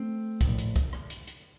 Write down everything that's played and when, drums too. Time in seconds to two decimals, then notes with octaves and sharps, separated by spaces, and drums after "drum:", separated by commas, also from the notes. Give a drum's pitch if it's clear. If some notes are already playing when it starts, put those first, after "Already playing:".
Already playing: A3 C4
0.41 A#1 A2, drum: kick, hi-hat
0.58 drum: hi-hat
0.76 drum: kick, hi-hat
0.93 drum: rim click
1.10 drum: hi-hat
1.27 drum: hi-hat